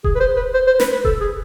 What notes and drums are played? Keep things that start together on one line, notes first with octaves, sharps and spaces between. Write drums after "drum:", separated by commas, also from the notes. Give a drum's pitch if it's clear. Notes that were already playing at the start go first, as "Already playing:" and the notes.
G#4, drum: kick D#1
B4
C5
B4
C5
C5
B4, drum: snare
B4
A4, drum: kick D#1
G#4